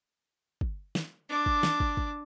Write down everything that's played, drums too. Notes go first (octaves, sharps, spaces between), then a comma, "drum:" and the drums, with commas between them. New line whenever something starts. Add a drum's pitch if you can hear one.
drum: kick
drum: snare
D4 D6
drum: kick
drum: snare
drum: kick
drum: kick